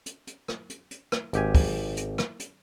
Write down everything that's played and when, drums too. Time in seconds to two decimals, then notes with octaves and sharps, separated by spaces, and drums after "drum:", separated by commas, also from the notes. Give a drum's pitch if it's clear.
0.06 drum: hi-hat
0.27 drum: hi-hat
0.48 drum: rim click
0.70 drum: hi-hat
0.91 drum: hi-hat
1.12 drum: rim click
1.33 G#1 G4 G#5, drum: hi-hat
1.55 drum: kick, open hi-hat
1.97 drum: hi-hat
2.18 drum: rim click
2.40 drum: hi-hat